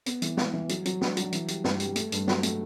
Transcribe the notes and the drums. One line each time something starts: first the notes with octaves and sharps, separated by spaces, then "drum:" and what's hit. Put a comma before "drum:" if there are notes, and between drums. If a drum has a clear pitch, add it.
B3, drum: hi-hat
E3, drum: hi-hat
E3, drum: snare
E3
F#3, drum: hi-hat
F#3, drum: hi-hat
D4, drum: snare
F#3, drum: hi-hat
E3, drum: hi-hat
G3, drum: hi-hat
G2, drum: snare
G3, drum: hi-hat
A3, drum: hi-hat
G2, drum: hi-hat
F#3, drum: snare
A3, drum: hi-hat